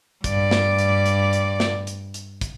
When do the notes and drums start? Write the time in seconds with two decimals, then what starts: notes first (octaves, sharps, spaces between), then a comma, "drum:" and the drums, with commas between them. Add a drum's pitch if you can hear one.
0.24 G2 D5, drum: kick, hi-hat
0.51 drum: snare
0.78 drum: hi-hat
1.06 drum: hi-hat
1.33 drum: hi-hat
1.60 drum: snare
1.87 drum: hi-hat
2.14 drum: hi-hat
2.41 drum: kick, hi-hat